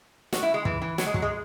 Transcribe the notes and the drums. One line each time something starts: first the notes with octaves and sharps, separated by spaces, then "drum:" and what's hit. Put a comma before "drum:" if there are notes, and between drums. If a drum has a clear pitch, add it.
F#4, drum: snare
E4
G#3
E3, drum: kick
E3
F#3, drum: snare
G#3
F#3, drum: kick
G#3